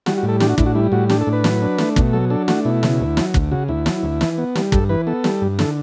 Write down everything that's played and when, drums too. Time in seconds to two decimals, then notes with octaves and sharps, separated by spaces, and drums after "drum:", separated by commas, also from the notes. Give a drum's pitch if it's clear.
0.06 G3 F#4, drum: snare
0.17 F#4
0.23 A2
0.28 A4
0.40 D4 G4, drum: snare
0.49 F#4
0.58 A2 E4, drum: kick
0.66 F#4
0.75 G3 E4
0.92 A2 F#4
1.09 D4 G4, drum: snare
1.21 A4
1.27 A2
1.33 B4
1.44 F#3, drum: snare
1.62 D4
1.78 A3, drum: snare
1.96 B2, drum: kick
2.13 F#3 A4
2.30 D4 A4
2.48 A3 F#4, drum: snare
2.65 B2 E4
2.83 C#3, drum: snare
3.00 D2
3.17 F#3, drum: snare
3.34 D2, drum: kick
3.51 C#3 F#4
3.68 D2 E4
3.86 F#3, drum: snare
4.03 D2
4.21 E3, drum: snare
4.38 B3
4.55 G3, drum: snare
4.72 G2 A4, drum: kick
4.89 E3 B4
5.07 B3 A4
5.24 G3, drum: snare
5.41 G2
5.59 D3 A4, drum: snare